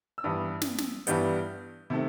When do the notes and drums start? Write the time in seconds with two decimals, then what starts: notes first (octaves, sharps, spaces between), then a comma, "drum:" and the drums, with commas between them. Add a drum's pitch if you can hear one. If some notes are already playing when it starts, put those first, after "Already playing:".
0.18 E6
0.24 G2 E3 G3 B3 D#6
0.62 drum: snare
0.78 drum: snare
1.07 G2 E3 G3 B3 G6, drum: hi-hat
1.90 C3 D#3 A3